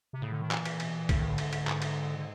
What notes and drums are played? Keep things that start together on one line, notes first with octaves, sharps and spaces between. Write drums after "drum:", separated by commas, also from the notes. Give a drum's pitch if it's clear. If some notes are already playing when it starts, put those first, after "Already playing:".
C3
A2 C#3
D3
D#3
A#2 E3, drum: clap
drum: cymbal
B2, drum: cymbal
A#2
A2 D3, drum: kick, cymbal
D#3
D3
G#2, drum: cymbal
drum: cymbal
A2
G#2, drum: clap
drum: cymbal
D3